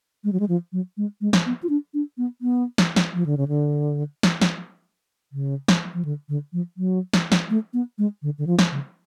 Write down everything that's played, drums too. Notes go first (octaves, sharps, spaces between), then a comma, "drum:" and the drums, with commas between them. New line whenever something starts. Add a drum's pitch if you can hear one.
G#3
F#3
G#3
F3
F#3
G#3
G#3
drum: snare
B3
F4
D4
D4
B3
B3
drum: snare
drum: snare
F3
D3
C#3
D3
drum: snare
drum: snare
C#3
drum: snare
F3
D3
D3
F3
F#3
drum: snare
drum: snare
A3
B3
G#3
D3
D3
F3
drum: snare
C#3